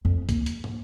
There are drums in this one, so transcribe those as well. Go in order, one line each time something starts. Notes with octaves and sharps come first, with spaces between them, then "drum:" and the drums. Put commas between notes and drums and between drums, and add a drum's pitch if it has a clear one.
F2
A#3, drum: kick C#2, hi-hat
drum: hi-hat
drum: tom